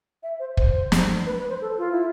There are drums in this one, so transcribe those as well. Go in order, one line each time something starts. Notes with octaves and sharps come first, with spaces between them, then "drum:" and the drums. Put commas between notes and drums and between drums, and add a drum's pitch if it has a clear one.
E5
C5
C5, drum: kick
drum: snare
B4
B4
C5
A4
F4
E4